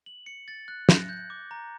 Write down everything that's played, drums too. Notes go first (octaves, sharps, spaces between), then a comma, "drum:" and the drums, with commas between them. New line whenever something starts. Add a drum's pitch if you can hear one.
F#7
C#7
A6
F#6
A#6, drum: snare
G6
D6
A#5